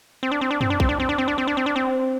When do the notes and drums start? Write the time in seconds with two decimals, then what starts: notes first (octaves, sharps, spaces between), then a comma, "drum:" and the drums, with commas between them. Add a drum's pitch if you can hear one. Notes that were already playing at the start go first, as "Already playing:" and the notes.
0.23 C4
0.32 D4
0.41 C4
0.51 D4
0.61 C4, drum: tom
0.70 D4
0.80 C4, drum: kick
0.89 D4
1.00 C4
1.09 D4
1.18 C4
1.28 D4
1.38 C4
1.47 D4
1.57 C4
1.66 D4
1.76 C4